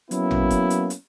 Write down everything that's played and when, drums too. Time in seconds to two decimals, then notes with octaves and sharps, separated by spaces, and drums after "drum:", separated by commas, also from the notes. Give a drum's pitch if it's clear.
0.11 F#3 A#3 B3 C#4 E4, drum: hi-hat
0.31 drum: tom
0.51 drum: kick F1, hi-hat
0.70 drum: hi-hat
0.90 drum: hi-hat